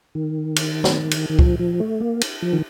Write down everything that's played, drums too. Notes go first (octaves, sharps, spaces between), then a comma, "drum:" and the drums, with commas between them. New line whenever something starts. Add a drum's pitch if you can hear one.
D#3
drum: cymbal
drum: snare
drum: cymbal
D#3
F3, drum: kick C#2
F3
A3
A#3
drum: cymbal
F3
D#3